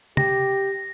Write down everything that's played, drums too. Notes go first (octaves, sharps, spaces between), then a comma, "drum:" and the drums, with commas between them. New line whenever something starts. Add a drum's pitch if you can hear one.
G4 A#6, drum: tom C3